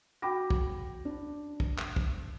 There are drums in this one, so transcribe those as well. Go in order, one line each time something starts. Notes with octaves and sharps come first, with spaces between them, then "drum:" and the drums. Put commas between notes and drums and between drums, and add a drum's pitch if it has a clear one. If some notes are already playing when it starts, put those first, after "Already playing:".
F#4 G5 B5 D6 A#6
drum: kick
D4
drum: kick
drum: clap
drum: kick